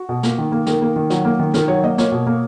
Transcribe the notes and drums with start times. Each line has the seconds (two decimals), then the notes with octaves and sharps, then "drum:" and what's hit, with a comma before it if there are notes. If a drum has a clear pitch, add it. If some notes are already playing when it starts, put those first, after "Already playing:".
Already playing: F#4
0.09 B2
0.23 A#3, drum: snare
0.38 D#3
0.52 A#3
0.66 D#3 A#4, drum: snare
0.82 A#3
0.96 D#3
1.10 F#3, drum: snare
1.25 A#3
1.39 D#3
1.54 D#3 A#4, drum: snare
1.68 F#3 C#5
1.84 A#3 D#5
1.98 A#3 C#5, drum: snare
2.12 B2
2.27 A#3